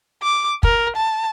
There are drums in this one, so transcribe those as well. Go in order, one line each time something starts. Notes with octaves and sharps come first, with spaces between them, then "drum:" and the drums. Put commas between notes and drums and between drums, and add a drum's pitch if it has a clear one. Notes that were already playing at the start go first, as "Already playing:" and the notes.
D6
A#4, drum: kick
A5